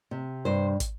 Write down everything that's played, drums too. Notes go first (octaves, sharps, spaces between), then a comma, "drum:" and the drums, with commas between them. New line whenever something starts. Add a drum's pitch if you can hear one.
C3
G2 C5
drum: kick, hi-hat